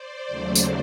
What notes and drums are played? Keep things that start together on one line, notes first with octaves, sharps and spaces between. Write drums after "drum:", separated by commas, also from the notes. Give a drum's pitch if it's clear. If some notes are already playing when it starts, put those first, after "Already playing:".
Already playing: C5 D5
D#2 C#3 F#3 A3
drum: tambourine